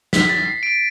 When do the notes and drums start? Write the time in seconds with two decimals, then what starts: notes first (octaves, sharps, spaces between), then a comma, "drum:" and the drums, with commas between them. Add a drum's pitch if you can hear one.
0.13 B6, drum: snare
0.29 A6
0.45 C7
0.63 D7